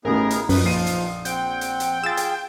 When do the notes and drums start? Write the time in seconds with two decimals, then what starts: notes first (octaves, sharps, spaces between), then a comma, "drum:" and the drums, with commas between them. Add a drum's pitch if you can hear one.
0.05 A1 A2 B3 D#4 G#4 A#4
0.31 drum: hi-hat
0.49 F#2 F3 D#4 B4, drum: open hi-hat
0.65 A#1 F3 C7 D#7
0.87 drum: hi-hat
1.25 C4 F#5 G5, drum: hi-hat
1.61 drum: hi-hat
1.80 drum: hi-hat
2.04 F4 G#4 E6 A6
2.17 drum: hi-hat